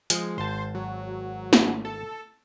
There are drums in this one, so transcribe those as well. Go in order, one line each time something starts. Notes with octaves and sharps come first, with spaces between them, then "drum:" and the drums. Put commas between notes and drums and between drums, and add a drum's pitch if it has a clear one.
F3 G#3, drum: hi-hat
G#1 C5 A5
F#3
drum: snare
A4